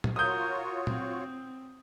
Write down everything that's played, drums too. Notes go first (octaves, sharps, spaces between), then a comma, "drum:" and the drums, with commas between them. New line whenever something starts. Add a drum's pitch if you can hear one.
drum: tom A#2
F4 F#4 A#4 C#5 D#6 G6
C4, drum: tom A#2